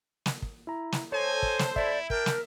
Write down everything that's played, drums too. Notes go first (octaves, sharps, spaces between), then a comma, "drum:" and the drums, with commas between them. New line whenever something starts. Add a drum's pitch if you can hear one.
drum: snare
drum: kick
E4 A#5
drum: snare
A4 C5 C#5 D#5 G#5
drum: kick
drum: snare
E4 D5 E5, drum: kick
D4 A#4 G5, drum: kick
drum: snare